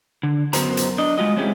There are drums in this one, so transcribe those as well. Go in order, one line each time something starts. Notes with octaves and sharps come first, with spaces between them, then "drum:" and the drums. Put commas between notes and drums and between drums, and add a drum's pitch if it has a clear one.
D3
F#2 B3 F#4 A#4 C5 A#5, drum: hi-hat
drum: hi-hat
D4 D#5
G#3 F4 F#4 D#5
G#3 C4 C#4 E4 G4 G#4